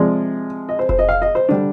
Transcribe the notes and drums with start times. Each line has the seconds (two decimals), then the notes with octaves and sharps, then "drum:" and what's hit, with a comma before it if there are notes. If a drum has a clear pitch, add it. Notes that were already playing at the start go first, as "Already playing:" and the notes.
Already playing: C3 F3 G#3 D5
0.69 D#5
0.79 C5
0.89 C5, drum: kick F1
0.99 D#5
1.09 F5
1.22 D#5
1.35 C5
1.49 D3 G3 D4